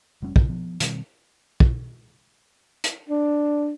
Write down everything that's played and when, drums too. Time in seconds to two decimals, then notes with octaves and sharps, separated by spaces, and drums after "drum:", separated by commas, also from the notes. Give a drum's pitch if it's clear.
0.22 F1 G3 C#4
0.36 G#2 C#3, drum: kick
0.49 F3 B3
0.80 B2 D#3 G3 C4, drum: hi-hat
1.60 drum: kick
2.84 drum: hi-hat
3.09 D4